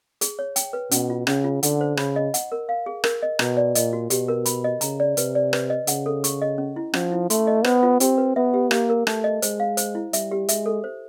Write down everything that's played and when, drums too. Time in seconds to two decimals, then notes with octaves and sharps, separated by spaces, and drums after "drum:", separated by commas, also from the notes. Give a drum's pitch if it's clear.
0.21 G#4, drum: hi-hat
0.39 C#5
0.56 G5, drum: hi-hat
0.73 B4
0.91 B2 C#4, drum: hi-hat
1.10 F4
1.27 C#3 C#4, drum: rim click
1.44 F4
1.63 D3 F#5, drum: hi-hat
1.81 C5
1.97 C#3 B5, drum: rim click
2.16 D#5
2.34 F#5, drum: hi-hat
2.52 A#4
2.69 F5
2.86 G#4
3.04 A#4, drum: rim click
3.23 D#5
3.39 B2 A#5, drum: rim click
3.57 D5
3.75 A#2 D#5, drum: hi-hat
3.93 F#4
4.10 B2 G4, drum: hi-hat
4.28 A#4
4.46 B5, drum: hi-hat
4.64 D#5
4.81 C#3 A#5, drum: hi-hat
5.00 D5
5.17 C3 B4, drum: hi-hat
5.35 D5
5.53 B4, drum: rim click
5.70 D#5
5.87 C#3 F#5, drum: hi-hat
6.06 A4
6.24 C#6, drum: hi-hat
6.42 D#5
6.58 C#4
6.76 E4
6.94 F3 C#4, drum: rim click
7.12 E4
7.30 A3 C6, drum: hi-hat
7.47 D#5
7.64 B3 C5, drum: rim click
7.83 F4
8.00 C4 G4, drum: hi-hat
8.18 B4
8.36 B3 E5
8.54 G4
8.71 A#3 G4, drum: rim click
8.90 A#4
9.07 A3 A5, drum: rim click
9.24 D#5
9.42 G#3 C5, drum: hi-hat
9.60 F5
9.77 C5, drum: hi-hat
9.95 E4
10.13 G3 E5, drum: hi-hat
10.31 G4
10.48 G#3 E5, drum: hi-hat
10.66 A4
10.84 C5